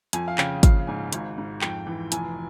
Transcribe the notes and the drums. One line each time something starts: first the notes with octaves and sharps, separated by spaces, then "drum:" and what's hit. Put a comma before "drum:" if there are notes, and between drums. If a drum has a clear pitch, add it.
F2 G#5, drum: hi-hat
F5
C#3 G5, drum: clap
A#1 F5, drum: kick, hi-hat
G#2 G#5
G#1, drum: hi-hat
G#2
F2 G5, drum: clap
E3
F1 G#5, drum: hi-hat